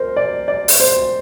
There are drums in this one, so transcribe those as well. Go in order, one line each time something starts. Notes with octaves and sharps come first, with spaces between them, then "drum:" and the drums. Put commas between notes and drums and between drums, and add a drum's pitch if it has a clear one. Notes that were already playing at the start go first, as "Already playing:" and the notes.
Already playing: A#4 C5
D5
D5
drum: open hi-hat
C5